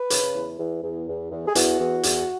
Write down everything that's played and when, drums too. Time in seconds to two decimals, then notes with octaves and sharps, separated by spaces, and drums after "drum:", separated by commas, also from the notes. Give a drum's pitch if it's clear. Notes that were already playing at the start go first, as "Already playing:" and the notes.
Already playing: B4
0.10 C#3, drum: hi-hat
0.35 E2
0.59 E2
0.83 E2
1.08 E2
1.31 E2
1.47 G#4
1.55 E2 F#4, drum: hi-hat
1.80 E2
2.03 E2, drum: hi-hat